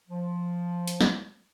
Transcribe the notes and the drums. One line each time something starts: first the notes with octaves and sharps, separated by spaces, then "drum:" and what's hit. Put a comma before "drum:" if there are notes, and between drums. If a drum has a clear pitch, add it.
F3
drum: hi-hat
drum: snare